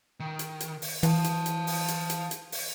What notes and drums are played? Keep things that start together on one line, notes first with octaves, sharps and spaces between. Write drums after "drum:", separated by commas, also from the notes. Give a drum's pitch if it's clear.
D#3
drum: hi-hat
drum: hi-hat
drum: open hi-hat
E3 F5 A5, drum: hi-hat
drum: hi-hat
drum: hi-hat
drum: open hi-hat
drum: hi-hat
drum: hi-hat
drum: hi-hat
drum: open hi-hat